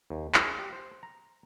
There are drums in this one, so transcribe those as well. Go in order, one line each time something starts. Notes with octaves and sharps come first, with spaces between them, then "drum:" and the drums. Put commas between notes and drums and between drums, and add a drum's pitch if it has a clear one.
D#2
G#4, drum: clap
G4
C5
A#5